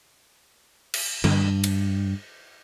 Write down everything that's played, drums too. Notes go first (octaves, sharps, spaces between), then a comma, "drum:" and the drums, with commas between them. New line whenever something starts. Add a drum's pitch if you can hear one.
drum: cymbal
G2, drum: tom D3
drum: cymbal